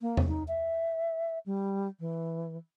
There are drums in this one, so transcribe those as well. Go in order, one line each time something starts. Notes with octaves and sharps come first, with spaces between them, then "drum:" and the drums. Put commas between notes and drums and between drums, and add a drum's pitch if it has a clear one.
A#3
drum: tom E2
D#4
E5
G3
E3